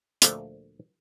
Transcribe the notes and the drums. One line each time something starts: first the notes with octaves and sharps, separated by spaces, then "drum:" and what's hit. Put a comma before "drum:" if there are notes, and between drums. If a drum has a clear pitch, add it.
D2 A#2 D3 F3 A3, drum: hi-hat